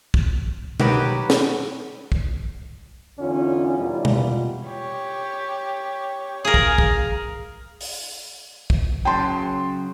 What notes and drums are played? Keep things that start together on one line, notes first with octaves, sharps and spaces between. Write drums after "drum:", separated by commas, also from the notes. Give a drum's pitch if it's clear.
drum: kick
D#3 F#3 G4 B4, drum: tom B2
drum: snare
drum: kick
E2 D3 C#4 D#4 F4
E2 B2 D#3 G3 F4
drum: tom B2
G4 C#5
G#4 A#4 F5
drum: kick
drum: kick
drum: open hi-hat
drum: kick
C#3 F#3 G5 A5 C6